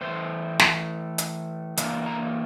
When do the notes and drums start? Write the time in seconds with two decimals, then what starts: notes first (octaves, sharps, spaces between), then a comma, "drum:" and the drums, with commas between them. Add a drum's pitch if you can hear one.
0.01 A2 E3 A3 C5
0.59 drum: snare
1.18 drum: hi-hat
1.77 E3 A#3 D4, drum: hi-hat
2.06 A#5